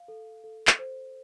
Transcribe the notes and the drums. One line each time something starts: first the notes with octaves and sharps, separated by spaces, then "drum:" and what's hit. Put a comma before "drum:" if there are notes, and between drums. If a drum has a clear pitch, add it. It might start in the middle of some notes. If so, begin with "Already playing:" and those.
Already playing: F5
A4
A4
drum: clap
C5